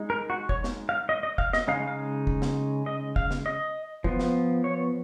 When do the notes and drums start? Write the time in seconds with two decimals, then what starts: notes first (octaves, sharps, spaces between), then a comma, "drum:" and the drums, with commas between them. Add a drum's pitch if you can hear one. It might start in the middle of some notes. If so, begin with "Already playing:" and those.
Already playing: G#3 D#4
0.10 A#4
0.30 F#4
0.49 C#5, drum: kick
0.64 drum: snare
0.89 F5
1.09 D#5
1.23 D#5
1.38 F5, drum: kick
1.53 D#5, drum: snare
1.68 C#3 G#3 D#4 F5
1.88 F5
2.27 drum: kick
2.42 drum: snare
2.86 D#5
3.16 F5, drum: kick
3.31 drum: snare
3.46 D#5
4.04 F3 B3 F4, drum: kick
4.19 drum: snare
4.64 C#5